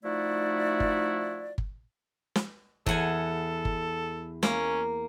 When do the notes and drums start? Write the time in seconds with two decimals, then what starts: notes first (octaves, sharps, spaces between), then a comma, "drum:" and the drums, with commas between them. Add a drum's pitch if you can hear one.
0.04 F3 A3 D#4 E4 F#4 D5
0.80 drum: kick G1
1.58 drum: kick G1
2.36 drum: snare
2.86 E2 A4 F#5 G#5, drum: kick G1
3.65 drum: kick G1
4.43 A#3 C#4, drum: snare